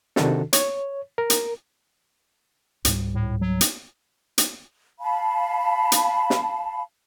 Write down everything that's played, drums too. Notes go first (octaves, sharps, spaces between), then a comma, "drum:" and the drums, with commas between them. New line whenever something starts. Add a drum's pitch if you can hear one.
C3 D#3 D4 F#4 A4, drum: snare
C#5, drum: hi-hat
A#4
drum: hi-hat
C#2 G#2 G3, drum: hi-hat
A2
F#3
drum: hi-hat
drum: hi-hat
F5 A5 B5
drum: hi-hat
drum: snare